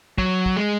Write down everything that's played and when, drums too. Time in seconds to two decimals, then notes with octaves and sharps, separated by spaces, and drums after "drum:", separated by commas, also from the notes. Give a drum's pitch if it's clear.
0.18 F#3, drum: kick
0.46 drum: kick
0.56 G#3